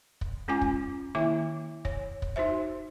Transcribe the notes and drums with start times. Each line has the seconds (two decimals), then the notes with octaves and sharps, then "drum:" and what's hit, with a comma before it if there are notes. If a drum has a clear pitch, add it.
0.21 drum: kick
0.48 G#3 C#4 F4 G#5 D6
0.61 drum: kick
1.15 D#3 A#3 E4 E5 D6
1.85 C#5, drum: kick
2.22 drum: kick
2.36 D#4 F#4 C5 E5